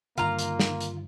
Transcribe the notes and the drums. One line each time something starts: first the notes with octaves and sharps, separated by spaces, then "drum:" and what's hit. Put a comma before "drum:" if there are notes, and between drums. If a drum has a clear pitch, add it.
G2 D3 D#3 A#3 F4 A#5
drum: hi-hat
drum: snare
drum: hi-hat